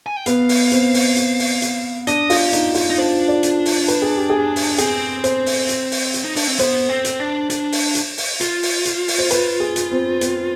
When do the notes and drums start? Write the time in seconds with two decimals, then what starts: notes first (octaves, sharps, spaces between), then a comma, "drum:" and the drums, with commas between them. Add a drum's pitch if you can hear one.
0.06 G#5
0.16 G5
0.26 B3 F5, drum: hi-hat
0.49 drum: open hi-hat
0.72 C4, drum: hi-hat
0.94 drum: open hi-hat
1.17 drum: hi-hat
1.39 drum: open hi-hat
1.62 drum: hi-hat
2.07 D4 D#5, drum: hi-hat
2.30 F4, drum: open hi-hat
2.37 G4
2.53 D#4, drum: hi-hat
2.74 F4, drum: open hi-hat
2.90 D#4
2.98 D4 C5
3.28 D5
3.43 drum: hi-hat
3.65 drum: open hi-hat
3.88 B4, drum: hi-hat
4.02 G#4
4.16 G4
4.30 G#4
4.56 drum: open hi-hat
4.78 C4 G#4, drum: hi-hat
5.24 C5, drum: hi-hat
5.46 drum: open hi-hat
5.69 drum: hi-hat
5.92 drum: open hi-hat
6.14 drum: hi-hat
6.25 D#4
6.36 D4, drum: open hi-hat
6.47 C4
6.59 B3 C5, drum: hi-hat
6.89 C4
7.05 drum: hi-hat
7.20 D4
7.50 D4, drum: hi-hat
7.72 drum: open hi-hat
7.95 drum: hi-hat
8.18 drum: open hi-hat
8.41 F4, drum: hi-hat
8.63 drum: open hi-hat
8.85 drum: hi-hat
9.08 drum: open hi-hat
9.19 C5
9.31 B4, drum: hi-hat
9.60 G#4
9.76 drum: hi-hat
9.91 C4
10.21 C4, drum: hi-hat